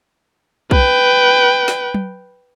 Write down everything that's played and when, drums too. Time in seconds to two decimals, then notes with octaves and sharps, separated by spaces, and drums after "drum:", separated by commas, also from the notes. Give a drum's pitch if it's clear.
0.71 B4 G5, drum: kick
1.68 drum: snare
1.94 drum: tom F#3